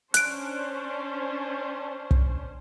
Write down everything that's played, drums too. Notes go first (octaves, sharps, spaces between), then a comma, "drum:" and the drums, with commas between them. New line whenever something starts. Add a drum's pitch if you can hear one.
C#4 D4 C5 F#6 D7, drum: hi-hat
drum: kick